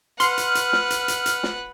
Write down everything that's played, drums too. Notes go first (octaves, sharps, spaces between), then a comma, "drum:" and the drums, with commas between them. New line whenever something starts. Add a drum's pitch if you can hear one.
B4 F#5 C6 F6, drum: hi-hat
drum: hi-hat
drum: hi-hat
drum: snare
drum: hi-hat
drum: hi-hat
drum: hi-hat
drum: snare